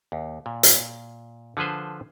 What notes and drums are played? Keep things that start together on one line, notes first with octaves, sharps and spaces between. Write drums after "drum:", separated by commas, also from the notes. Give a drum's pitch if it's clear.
D#2
A#2
drum: hi-hat
D3 F3 G#4 B4 C5